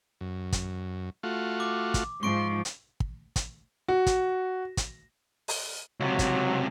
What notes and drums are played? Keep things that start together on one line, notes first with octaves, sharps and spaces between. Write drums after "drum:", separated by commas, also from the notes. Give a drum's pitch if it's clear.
F#2
drum: kick, hi-hat
A3 F4 F#4
D6
drum: kick, hi-hat
G#2 F3 C6 C#6 D7
drum: hi-hat
drum: kick
drum: kick, hi-hat
F#4
drum: kick, hi-hat
drum: kick, hi-hat
drum: open hi-hat
C#2 C3 F#3
drum: kick, hi-hat